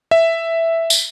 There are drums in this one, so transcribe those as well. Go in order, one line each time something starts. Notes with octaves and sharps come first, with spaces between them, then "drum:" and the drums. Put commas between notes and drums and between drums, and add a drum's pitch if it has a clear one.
E5
drum: tambourine